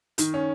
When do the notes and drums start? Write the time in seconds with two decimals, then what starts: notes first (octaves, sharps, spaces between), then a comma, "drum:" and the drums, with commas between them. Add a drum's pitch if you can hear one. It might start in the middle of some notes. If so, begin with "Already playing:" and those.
0.18 D#3, drum: hi-hat
0.34 C#4